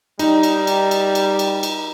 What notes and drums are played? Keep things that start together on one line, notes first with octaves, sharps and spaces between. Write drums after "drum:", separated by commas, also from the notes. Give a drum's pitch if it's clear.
G3 D#4, drum: cymbal
drum: cymbal
drum: cymbal
drum: cymbal
drum: cymbal
drum: cymbal
drum: cymbal